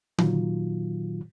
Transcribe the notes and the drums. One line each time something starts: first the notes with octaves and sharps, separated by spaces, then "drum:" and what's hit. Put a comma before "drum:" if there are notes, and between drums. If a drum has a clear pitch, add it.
A#2 D#3 F#3 F4, drum: tom D3